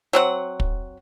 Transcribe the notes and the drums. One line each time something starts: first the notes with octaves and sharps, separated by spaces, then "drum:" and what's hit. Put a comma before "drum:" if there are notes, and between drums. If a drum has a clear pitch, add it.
F#3 C4 F#5
drum: kick